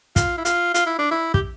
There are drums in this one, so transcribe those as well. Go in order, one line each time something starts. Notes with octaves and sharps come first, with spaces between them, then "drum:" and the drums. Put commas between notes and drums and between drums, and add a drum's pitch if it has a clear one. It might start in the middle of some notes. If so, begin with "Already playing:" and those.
F4, drum: kick, hi-hat
E4
F4, drum: hi-hat
F4, drum: hi-hat
E4
D4
E4
G4, drum: kick